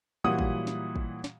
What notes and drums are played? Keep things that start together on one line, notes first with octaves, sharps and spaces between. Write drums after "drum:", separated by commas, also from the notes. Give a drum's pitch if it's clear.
A#2 E3 F#3 G3 F#5 D#6
drum: kick
drum: snare
drum: kick
drum: snare